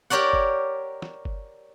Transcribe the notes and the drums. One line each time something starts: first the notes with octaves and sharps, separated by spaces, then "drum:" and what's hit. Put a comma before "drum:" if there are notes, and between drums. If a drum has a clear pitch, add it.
G4 A#4 C#5 D5 F#5
drum: kick G1
drum: snare
drum: kick G1